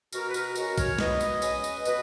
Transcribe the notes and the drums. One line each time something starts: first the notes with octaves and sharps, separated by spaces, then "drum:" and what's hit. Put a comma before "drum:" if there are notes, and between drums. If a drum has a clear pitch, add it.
B2 F#4 A#4, drum: tambourine
B4
F#4 A#4, drum: tambourine
G#3 C#4 F#4 A#4, drum: tambourine
A#4 C#5, drum: kick A#1, tambourine
B2 B4 D#5, drum: snare
drum: tambourine
G#3 C#4, drum: tambourine
drum: tambourine
B2 B4 D#5, drum: tambourine